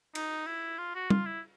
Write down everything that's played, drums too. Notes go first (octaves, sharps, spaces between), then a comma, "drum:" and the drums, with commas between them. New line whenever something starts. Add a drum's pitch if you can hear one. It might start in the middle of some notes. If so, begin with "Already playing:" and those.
D#4, drum: cymbal
E4
F4
F#4
F4, drum: tom
E4